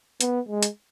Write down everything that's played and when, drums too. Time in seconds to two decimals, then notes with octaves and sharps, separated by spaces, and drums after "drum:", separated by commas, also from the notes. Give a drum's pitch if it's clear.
0.21 B3, drum: hi-hat
0.49 G#3
0.63 drum: hi-hat